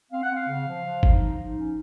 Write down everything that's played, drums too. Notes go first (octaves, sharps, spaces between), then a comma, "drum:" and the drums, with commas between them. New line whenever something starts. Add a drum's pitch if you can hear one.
C4 F5
F#5
C4 F5
C#3
F3
F3
D#4, drum: kick G1
F3
D#4
C#4